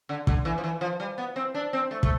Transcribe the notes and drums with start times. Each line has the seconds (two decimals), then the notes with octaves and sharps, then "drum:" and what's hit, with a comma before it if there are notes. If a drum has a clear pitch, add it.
0.09 D3
0.27 D3, drum: kick
0.45 E3
0.58 F3
0.64 E3
0.81 F3
1.00 G3
1.18 B3
1.36 C4
1.54 D4
1.73 C4
1.91 A3
2.03 A3, drum: kick